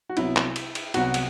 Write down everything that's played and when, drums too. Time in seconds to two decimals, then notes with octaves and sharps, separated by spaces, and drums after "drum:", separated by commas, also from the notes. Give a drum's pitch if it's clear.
0.09 F#4
0.17 C2 C3 F#3 B3 E4, drum: cymbal
0.36 drum: clap
0.56 drum: cymbal
0.75 drum: cymbal
0.94 C2 C3 F#3 B3 F#4, drum: cymbal
1.14 drum: cymbal